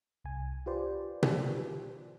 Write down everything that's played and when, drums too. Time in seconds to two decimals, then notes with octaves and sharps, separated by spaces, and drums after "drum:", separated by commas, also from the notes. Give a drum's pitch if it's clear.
0.24 C2 G#5
0.66 F4 G4 B4 C5 D5
1.23 drum: tom B2